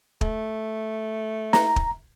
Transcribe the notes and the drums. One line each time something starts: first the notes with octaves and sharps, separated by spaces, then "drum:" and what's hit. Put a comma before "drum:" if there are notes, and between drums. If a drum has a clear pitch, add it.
A3, drum: kick
A#5, drum: snare
drum: kick